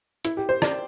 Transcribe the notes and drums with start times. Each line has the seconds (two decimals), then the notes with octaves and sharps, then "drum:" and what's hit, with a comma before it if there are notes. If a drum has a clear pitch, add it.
0.25 E4, drum: hi-hat
0.37 G4
0.49 C5
0.62 D5, drum: rim click